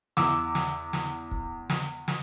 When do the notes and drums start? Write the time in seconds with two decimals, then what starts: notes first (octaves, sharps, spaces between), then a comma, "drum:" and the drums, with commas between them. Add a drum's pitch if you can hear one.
0.17 E2 D6 E6, drum: snare
0.55 drum: snare
0.93 drum: snare
1.31 drum: kick
1.70 drum: snare
2.08 drum: snare